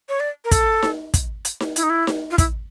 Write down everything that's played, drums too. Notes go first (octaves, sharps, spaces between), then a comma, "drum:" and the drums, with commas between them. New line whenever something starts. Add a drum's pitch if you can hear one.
C#5
D5
A#4
A4, drum: kick, hi-hat
drum: snare D#4
drum: kick, hi-hat
drum: hi-hat
drum: snare D#4
E4, drum: hi-hat
D#4
E4
drum: snare D#4
F4
E4, drum: kick, hi-hat